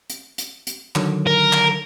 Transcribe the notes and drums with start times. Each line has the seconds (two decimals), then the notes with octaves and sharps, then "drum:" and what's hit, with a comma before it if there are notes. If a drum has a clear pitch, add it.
0.10 drum: hi-hat
0.38 drum: hi-hat
0.67 drum: hi-hat
0.95 D3 D#3 F#3, drum: clap
1.27 A#4
1.53 drum: clap